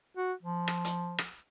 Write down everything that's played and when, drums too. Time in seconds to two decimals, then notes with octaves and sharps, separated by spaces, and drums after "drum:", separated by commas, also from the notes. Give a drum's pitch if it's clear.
0.17 F#4
0.43 F3
0.68 drum: rim click
0.85 drum: hi-hat
1.18 drum: rim click